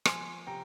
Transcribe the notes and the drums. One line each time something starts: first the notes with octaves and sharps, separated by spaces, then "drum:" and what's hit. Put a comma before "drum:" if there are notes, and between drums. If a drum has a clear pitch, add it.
F3 G#5 C6, drum: rim click
C3 G5 A#5